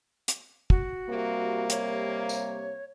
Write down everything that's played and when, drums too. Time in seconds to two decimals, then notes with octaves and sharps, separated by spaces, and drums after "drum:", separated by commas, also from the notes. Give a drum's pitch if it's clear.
0.28 drum: hi-hat
0.70 F#4, drum: kick
1.09 C3 G3 A#3
1.70 C#5, drum: hi-hat
2.29 drum: tambourine